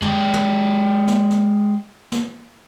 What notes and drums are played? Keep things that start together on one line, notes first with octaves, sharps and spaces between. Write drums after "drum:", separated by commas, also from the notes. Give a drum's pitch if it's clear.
G#3 G4, drum: tom
drum: tom
drum: snare
drum: snare
drum: snare